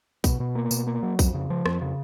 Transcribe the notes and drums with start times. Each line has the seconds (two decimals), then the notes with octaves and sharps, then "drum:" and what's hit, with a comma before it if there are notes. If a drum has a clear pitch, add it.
0.24 B2, drum: kick A#1, tambourine
0.40 B2
0.55 A#3
0.71 B2, drum: tambourine
0.87 A#3
1.03 F#3
1.19 F2, drum: kick A#1, tambourine
1.34 C#3
1.50 F3
1.66 F2, drum: rim click
1.82 C#3